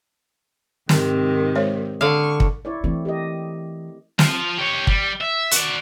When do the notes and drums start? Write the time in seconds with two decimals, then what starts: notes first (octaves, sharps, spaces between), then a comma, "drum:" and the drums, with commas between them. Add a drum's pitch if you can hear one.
0.89 G#2 C3 D#3, drum: snare
1.55 G#3 C5 C#5
2.01 D3 F5 C#6
2.40 drum: kick
2.65 E4 C#5 D5
2.84 E3 A3 C4
3.05 G4 A#4 D#5
4.19 F3 F4, drum: snare
4.58 G4 C#5
4.87 G3, drum: kick
5.21 E5
5.51 F#4 D5, drum: hi-hat